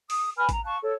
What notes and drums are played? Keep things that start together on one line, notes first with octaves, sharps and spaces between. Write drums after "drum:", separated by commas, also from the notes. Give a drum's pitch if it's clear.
D#6, drum: open hi-hat
B4 G#5 B5 F6
A#5, drum: kick A1, hi-hat
F5 A5 C#6 F#6
A4 C#5